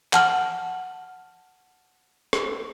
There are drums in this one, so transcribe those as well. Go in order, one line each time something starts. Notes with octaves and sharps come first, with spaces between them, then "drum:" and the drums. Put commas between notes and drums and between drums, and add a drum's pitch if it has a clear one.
F#5 A5 F6 F#7, drum: clap
drum: rim click